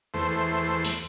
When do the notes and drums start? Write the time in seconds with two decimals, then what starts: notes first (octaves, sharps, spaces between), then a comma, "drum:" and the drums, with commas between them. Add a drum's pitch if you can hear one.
0.14 E2 A3 C5
0.85 drum: open hi-hat